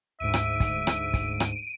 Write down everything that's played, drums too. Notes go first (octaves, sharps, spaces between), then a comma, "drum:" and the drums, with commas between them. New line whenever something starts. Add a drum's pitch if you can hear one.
D2 G#2 E5 D7 D#7
drum: rim click
drum: kick, hi-hat
drum: rim click
drum: kick, hi-hat
drum: rim click